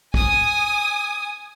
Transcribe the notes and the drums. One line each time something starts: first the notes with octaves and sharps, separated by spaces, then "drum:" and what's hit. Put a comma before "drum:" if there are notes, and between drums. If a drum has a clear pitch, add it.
G#5 D#6, drum: kick